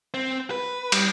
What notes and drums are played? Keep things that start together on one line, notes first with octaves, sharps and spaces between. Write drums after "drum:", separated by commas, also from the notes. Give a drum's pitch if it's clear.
C4
B4
G3, drum: cymbal